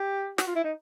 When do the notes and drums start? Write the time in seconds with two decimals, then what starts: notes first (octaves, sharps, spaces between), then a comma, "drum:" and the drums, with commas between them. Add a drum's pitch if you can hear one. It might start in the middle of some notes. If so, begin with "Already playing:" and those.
Already playing: G4
0.38 F#4, drum: snare
0.47 F4
0.55 E4
0.64 D#4